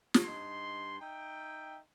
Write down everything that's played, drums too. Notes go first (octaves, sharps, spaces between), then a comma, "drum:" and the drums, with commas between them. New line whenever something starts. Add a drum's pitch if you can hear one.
drum: snare
G2 D#4 C6
D#4 E5 G5